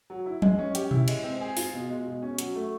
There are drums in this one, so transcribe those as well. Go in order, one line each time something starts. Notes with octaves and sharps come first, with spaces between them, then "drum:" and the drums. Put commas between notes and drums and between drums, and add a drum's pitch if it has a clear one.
F#3
E4
G#3, drum: tom F3
C#4
G4, drum: hi-hat
E4, drum: tom B2
G#3, drum: cymbal
C4
G#4
F4, drum: open hi-hat
B2
G#3
B2
C#4
F#3, drum: hi-hat
A3